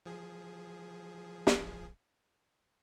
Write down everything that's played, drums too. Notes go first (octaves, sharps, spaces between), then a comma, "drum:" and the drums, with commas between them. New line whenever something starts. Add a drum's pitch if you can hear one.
F3 G#4
drum: snare